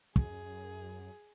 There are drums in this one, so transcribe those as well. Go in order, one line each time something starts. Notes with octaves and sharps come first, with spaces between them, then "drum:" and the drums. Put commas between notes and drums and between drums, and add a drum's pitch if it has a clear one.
F#2 G#4, drum: kick